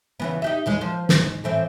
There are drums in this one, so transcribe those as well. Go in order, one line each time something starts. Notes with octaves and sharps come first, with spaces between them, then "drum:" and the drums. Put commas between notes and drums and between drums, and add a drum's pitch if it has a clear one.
C#3 E3 B3
D#4 G4 E5
D#2 E3 G#3
F3 C5
G#2, drum: snare
A2 E3 C4